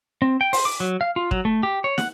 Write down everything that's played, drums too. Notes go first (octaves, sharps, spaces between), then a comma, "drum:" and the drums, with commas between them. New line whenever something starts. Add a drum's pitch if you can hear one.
C4
G5
C5, drum: open hi-hat
D6
F#3
F5
F4
F#3, drum: kick
A3
G4
C#5
F#5, drum: snare